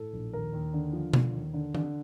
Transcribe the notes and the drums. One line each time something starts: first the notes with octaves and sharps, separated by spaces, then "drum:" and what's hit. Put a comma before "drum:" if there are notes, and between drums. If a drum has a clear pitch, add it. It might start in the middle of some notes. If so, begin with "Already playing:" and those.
Already playing: A2 A4
A#1
D#2 A#4
D#2
D3
F3
D3, drum: tom B2
D#2
D3
D3, drum: tom E3